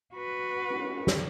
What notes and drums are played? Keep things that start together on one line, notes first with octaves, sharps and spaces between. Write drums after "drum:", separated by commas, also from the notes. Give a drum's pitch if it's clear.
F#4 B4
drum: cymbal
drum: snare